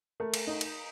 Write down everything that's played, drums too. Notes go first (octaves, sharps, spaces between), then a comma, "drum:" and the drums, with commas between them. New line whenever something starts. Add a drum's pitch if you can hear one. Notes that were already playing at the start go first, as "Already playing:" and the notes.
A3 A#4
drum: cymbal
D#4
drum: cymbal